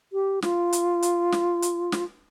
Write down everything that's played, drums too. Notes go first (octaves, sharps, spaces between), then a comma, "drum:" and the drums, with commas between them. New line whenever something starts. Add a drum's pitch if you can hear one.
G4
F4, drum: snare
drum: hi-hat
drum: hi-hat
drum: snare
drum: hi-hat
drum: snare